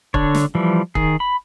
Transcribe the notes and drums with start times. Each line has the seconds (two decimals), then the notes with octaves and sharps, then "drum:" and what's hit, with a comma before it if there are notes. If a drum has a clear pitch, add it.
0.14 D3 D4 C#5, drum: kick
0.35 drum: snare
0.55 E3 F3 G3
0.95 D#3 G#4, drum: kick
1.20 B5